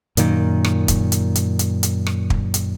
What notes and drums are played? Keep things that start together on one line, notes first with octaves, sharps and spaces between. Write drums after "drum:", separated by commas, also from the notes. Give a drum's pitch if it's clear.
F#2 A#2 D#3, drum: hi-hat
drum: rim click
drum: kick, hi-hat
drum: hi-hat
drum: hi-hat
drum: hi-hat
drum: hi-hat
drum: rim click
drum: kick
drum: hi-hat